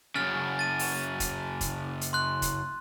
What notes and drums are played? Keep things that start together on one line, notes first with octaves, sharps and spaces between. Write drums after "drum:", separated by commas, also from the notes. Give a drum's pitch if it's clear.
F#2 C#3 F6 A6
A6 D#7
drum: open hi-hat
drum: kick, hi-hat
drum: kick, hi-hat
drum: hi-hat
C6 F#6
drum: kick, hi-hat